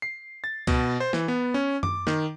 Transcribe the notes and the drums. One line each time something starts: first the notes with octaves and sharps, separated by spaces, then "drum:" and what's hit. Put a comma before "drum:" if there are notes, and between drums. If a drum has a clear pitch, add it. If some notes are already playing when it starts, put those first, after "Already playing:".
C7
A6
B2, drum: kick C#2, cymbal
C5
E3, drum: snare
B3
C#4
D6, drum: tom F#2
D#3, drum: snare